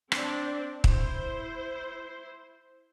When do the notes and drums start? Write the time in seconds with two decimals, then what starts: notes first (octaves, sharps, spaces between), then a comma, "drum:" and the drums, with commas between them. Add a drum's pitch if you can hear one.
0.12 C4 D4, drum: rim click
0.84 E4 C5, drum: kick